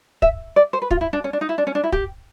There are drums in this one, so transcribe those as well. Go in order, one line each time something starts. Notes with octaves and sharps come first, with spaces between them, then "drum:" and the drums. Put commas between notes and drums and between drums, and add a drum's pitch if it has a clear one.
E5, drum: kick
D5
C5
B4
F4, drum: kick
E4
D4
C#4
D4
D#4
E4
D4
C#4
D4
E4
G4, drum: kick